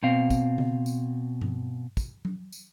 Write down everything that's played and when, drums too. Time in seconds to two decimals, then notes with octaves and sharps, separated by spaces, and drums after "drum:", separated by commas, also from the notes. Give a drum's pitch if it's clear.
0.03 B2 C4 F5
0.30 drum: kick, tambourine
0.58 drum: tom C#3
0.86 drum: tambourine
1.41 drum: tom G2
1.97 drum: kick, tambourine
2.25 drum: tom F#3
2.52 drum: tambourine